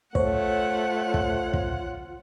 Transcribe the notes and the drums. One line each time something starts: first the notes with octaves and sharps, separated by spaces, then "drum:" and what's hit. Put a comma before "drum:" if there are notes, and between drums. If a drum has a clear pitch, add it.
A3 F4 C5 C#5 F#5, drum: kick
drum: kick
drum: kick